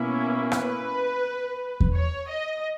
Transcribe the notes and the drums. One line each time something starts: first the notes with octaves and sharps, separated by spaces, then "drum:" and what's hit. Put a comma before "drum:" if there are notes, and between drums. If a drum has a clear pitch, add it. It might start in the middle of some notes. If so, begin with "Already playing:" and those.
Already playing: B2 A#3 C#4 E4
B4, drum: rim click
drum: kick E2
C#5
D#5